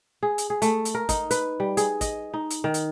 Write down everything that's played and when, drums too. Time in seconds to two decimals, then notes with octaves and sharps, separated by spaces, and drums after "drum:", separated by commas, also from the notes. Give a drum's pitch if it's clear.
0.23 G#4
0.38 drum: hi-hat
0.50 G#4
0.62 A3, drum: hi-hat
0.85 drum: hi-hat
0.95 A#4
1.09 D#4, drum: kick, hi-hat
1.31 B4, drum: hi-hat
1.60 G3
1.77 G#4, drum: hi-hat
2.01 D#5, drum: kick, hi-hat
2.34 D#4
2.50 drum: hi-hat
2.64 D#3
2.74 drum: hi-hat